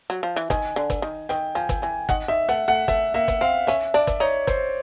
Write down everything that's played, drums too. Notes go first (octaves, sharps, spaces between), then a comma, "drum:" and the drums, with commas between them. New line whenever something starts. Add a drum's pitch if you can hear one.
F#3
F3
E3
D#3 G#5, drum: kick G1, hi-hat
D3
drum: kick G1, hi-hat
D#3
D#3 G5, drum: hi-hat
F3 G#5
drum: kick G1, hi-hat
E3 G#5
D#3 F#5, drum: kick G1
D#3 E5
A3 F#5, drum: hi-hat
A3 F#5
A3 E5, drum: kick G1, hi-hat
A#3 E5
drum: kick G1, hi-hat
C4 F5
C#4 E5, drum: hi-hat
D4 D5
drum: kick G1, hi-hat
D#4 C#5
C5, drum: kick G1, hi-hat